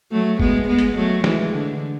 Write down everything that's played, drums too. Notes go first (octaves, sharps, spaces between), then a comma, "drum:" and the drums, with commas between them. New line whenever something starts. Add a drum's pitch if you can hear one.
F#3 A3
G#3 B3, drum: kick
G#3 B3
drum: hi-hat
F#3 A3
E3 G#3, drum: snare
D3